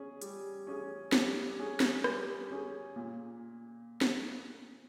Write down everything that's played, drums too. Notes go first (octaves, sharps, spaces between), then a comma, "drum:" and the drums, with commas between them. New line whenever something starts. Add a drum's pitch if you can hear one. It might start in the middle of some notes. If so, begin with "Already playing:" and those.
Already playing: C#4 G#4
G3, drum: hi-hat
C#4 G#4
G3, drum: snare
C#4 G#4
drum: snare
G3, drum: rim click
C#4 G#4
A#2
drum: snare